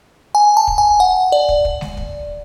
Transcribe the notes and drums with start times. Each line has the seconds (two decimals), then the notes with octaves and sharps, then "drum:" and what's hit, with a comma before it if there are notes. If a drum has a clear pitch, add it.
0.35 G#5
0.57 A5
0.67 drum: kick
0.78 G#5
1.00 F#5
1.32 D5
1.49 drum: kick
1.65 drum: kick
1.81 drum: snare G#3
1.97 drum: kick